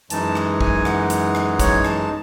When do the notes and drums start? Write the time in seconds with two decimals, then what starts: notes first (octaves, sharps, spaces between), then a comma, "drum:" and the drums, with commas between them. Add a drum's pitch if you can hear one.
0.10 F#2 E3 G#3 D#4 A5, drum: hi-hat
0.35 drum: rim click
0.61 G#5, drum: kick
0.85 F#5, drum: rim click
1.10 drum: hi-hat
1.35 drum: rim click
1.60 C#5, drum: kick, hi-hat
1.85 A5, drum: rim click